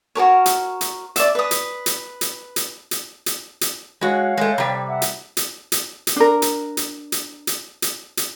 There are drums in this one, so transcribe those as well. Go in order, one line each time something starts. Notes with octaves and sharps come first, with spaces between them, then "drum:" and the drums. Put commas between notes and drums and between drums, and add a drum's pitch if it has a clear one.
F#4 G#4 A#4 C#5
drum: hi-hat
drum: hi-hat
D5 E5, drum: hi-hat
B4 D#6
drum: hi-hat
drum: hi-hat
drum: hi-hat
drum: hi-hat
drum: hi-hat
drum: hi-hat
drum: hi-hat
G#3 F#4 C#5 F5
G#3 A3
C3 G3
E5 F#5
drum: hi-hat
drum: hi-hat
drum: hi-hat
drum: hi-hat
D4 A#4
drum: hi-hat
drum: hi-hat
drum: hi-hat
drum: hi-hat
drum: hi-hat
drum: hi-hat